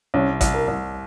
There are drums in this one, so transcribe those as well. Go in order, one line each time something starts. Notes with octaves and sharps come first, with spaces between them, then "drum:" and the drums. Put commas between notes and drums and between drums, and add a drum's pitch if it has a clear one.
C2 C#4
C2, drum: kick A1, hi-hat
A#4
C2